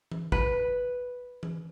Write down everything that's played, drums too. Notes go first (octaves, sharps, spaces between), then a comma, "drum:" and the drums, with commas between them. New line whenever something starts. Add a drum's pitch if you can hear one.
drum: tom E3
B4, drum: kick
drum: tom E3